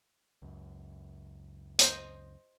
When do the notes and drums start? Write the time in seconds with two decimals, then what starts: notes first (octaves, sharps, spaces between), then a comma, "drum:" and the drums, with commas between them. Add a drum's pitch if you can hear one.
0.42 C#2 F#2
1.79 C5 D#5, drum: hi-hat